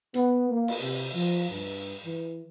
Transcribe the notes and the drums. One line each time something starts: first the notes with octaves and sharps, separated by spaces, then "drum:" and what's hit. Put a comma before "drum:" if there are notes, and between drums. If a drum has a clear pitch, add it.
B3, drum: hi-hat
A#3
drum: cymbal
C3
F3
G2
E3